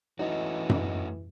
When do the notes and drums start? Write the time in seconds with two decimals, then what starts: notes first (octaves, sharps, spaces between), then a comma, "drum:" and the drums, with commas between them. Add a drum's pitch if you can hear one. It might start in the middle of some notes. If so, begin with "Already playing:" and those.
0.19 E3 A3 C#4 D#4 F#4 D#5
0.69 drum: tom F#2